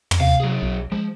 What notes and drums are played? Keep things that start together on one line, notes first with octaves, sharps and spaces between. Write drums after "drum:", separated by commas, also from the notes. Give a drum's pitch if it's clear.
drum: tom
C3 F5
F#3 G#4
B1
F3 G#3